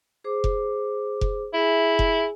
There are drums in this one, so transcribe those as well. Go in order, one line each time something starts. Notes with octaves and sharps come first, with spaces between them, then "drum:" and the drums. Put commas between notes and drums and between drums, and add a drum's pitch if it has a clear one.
G#4 C5 D6
drum: kick F1
drum: kick F1
E4 G#4 E5 G#5
drum: kick F1